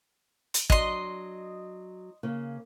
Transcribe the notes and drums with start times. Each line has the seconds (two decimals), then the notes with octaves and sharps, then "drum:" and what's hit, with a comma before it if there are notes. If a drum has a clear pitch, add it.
0.54 drum: hi-hat
0.70 F#3 D4 D#5 C6, drum: kick
2.23 C#3 A#3